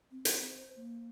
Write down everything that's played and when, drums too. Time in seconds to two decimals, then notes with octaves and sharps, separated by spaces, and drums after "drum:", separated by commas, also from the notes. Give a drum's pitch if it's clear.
0.11 C4
0.25 drum: hi-hat
0.50 C5
0.76 A#3